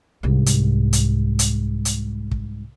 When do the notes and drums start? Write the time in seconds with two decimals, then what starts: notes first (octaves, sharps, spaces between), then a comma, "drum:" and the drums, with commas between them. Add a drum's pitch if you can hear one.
0.23 C2 G#2
0.46 drum: hi-hat
0.93 drum: hi-hat
1.39 drum: hi-hat
1.85 drum: hi-hat
2.31 drum: kick